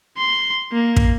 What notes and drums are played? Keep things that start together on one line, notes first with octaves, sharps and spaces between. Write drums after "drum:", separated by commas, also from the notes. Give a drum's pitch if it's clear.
C6
A#3
drum: kick